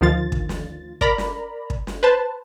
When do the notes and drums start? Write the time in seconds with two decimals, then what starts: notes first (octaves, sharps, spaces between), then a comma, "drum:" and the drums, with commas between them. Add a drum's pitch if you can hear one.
0.01 D2 D#3 F3 F4 A6
0.32 drum: kick
0.49 drum: snare
1.01 A#4 D5 A#5 B5, drum: kick
1.18 drum: snare
1.70 drum: kick
1.87 drum: snare
2.03 B4 C5 A5